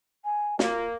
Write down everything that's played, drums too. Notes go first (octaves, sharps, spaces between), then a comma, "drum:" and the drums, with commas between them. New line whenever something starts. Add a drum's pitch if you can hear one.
G#5
A#3 F4, drum: snare